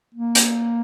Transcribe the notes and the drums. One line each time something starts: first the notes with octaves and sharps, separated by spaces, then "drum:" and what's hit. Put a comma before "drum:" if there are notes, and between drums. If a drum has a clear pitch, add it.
A#3
drum: hi-hat